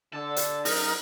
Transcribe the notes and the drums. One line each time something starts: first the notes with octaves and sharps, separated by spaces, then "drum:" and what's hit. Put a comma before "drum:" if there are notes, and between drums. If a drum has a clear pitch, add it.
D3 A4
drum: hi-hat
F#2 D#4 A#4, drum: open hi-hat